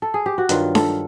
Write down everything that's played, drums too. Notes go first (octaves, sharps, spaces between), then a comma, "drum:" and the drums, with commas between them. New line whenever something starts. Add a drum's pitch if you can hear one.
A4
G#4
G4
F#4
G2 D#3 F#3 F4, drum: hi-hat
A4, drum: snare D4